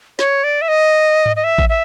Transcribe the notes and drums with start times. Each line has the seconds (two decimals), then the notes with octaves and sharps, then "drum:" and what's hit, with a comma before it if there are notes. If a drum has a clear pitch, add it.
0.19 C#5, drum: snare
0.44 D5
0.62 E5
0.68 D#5
1.26 drum: tom G#2
1.36 D#5
1.44 E5
1.58 drum: kick A1
1.69 E5